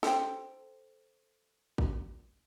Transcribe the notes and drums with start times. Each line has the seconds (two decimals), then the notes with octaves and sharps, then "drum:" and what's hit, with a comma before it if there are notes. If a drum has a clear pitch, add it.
0.03 A4 C5 G5, drum: snare
1.78 drum: kick